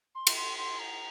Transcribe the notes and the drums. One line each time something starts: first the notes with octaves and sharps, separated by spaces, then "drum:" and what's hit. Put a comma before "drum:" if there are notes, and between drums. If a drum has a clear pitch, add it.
C6
drum: cymbal
C6
C6
A#5